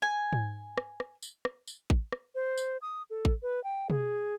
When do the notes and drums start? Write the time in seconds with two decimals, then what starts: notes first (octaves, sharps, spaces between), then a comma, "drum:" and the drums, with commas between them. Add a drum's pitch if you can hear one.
0.02 G#5
0.33 drum: tom G#2
0.78 drum: rim click
1.00 drum: rim click
1.23 drum: tambourine
1.45 drum: rim click
1.67 drum: tambourine
1.90 drum: kick A1
2.12 drum: rim click
2.35 C5
2.57 drum: tambourine
2.82 D#6
3.10 A4
3.25 drum: kick A1
3.42 B4
3.64 G5
3.90 G#4, drum: tom B2